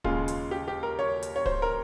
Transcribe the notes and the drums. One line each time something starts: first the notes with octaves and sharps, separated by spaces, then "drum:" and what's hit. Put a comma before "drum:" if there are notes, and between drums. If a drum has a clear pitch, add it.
D#2 C#3 G#3 F4, drum: kick
drum: hi-hat
G4
G4
A#4
C#5
drum: hi-hat
C#5
C5, drum: kick
A#4